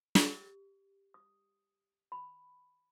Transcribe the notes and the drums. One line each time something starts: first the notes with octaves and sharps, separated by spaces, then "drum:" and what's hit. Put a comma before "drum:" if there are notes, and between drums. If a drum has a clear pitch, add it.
G4, drum: snare
D#6
B5